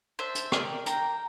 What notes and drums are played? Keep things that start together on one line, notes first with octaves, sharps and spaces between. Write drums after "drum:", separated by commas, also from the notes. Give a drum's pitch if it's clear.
D4 C5 E5
drum: hi-hat
G4 A#4 D5, drum: rim click
A#3 G5 A#5, drum: hi-hat